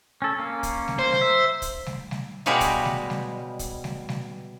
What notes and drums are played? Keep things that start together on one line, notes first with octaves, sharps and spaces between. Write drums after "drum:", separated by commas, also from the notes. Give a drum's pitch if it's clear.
C#4 A4
A#3 C#4
drum: kick, hi-hat
drum: snare G3
C5
drum: snare G3
E5
drum: kick, hi-hat
drum: snare G3
drum: snare G3
B2 G3 G#3 B4 C#5 F5
drum: kick, hi-hat
drum: snare G3
drum: snare G3
drum: kick, hi-hat
drum: snare G3
drum: snare G3